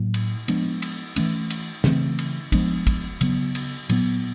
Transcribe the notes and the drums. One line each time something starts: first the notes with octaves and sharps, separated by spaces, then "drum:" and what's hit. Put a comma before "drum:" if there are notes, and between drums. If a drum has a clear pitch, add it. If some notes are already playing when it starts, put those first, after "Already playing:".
Already playing: A2 F#3 A#3
drum: cymbal
F3 G#3 B3 D4, drum: cymbal
drum: cymbal
E3 A3 C#4, drum: cymbal
drum: cymbal
C#3 E3 A3 C4, drum: snare
drum: cymbal
F3 G#3 B3 D4, drum: kick, cymbal
drum: kick, cymbal
C#3 F#3 B3, drum: cymbal
drum: cymbal
A#2 F#3 B3, drum: cymbal